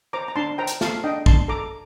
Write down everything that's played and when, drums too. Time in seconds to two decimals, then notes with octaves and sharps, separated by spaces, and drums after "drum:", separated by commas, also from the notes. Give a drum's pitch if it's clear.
0.13 C5 A#5 D6
0.28 A#5
0.36 D4 A5 C6
0.58 C5 G5 A#5
0.67 drum: hi-hat
0.81 A4 F5 A5, drum: snare
1.04 D4 D#5 G5
1.26 D4 A5 C6, drum: kick
1.48 A4 A#5 D6